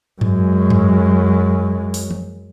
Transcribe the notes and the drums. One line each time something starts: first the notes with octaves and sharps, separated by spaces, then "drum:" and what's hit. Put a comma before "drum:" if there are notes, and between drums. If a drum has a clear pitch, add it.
F#2 G#3, drum: tom G2
drum: tom G2
drum: open hi-hat
drum: tom